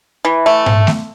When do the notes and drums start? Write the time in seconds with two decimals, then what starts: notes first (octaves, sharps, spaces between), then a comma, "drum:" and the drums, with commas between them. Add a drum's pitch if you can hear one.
0.25 E3
0.46 A3
0.66 drum: tom G#2
0.87 drum: snare A3